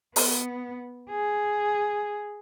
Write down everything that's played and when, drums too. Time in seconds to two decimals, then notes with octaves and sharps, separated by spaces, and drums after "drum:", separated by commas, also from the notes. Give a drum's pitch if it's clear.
0.16 B3, drum: open hi-hat
1.10 G#4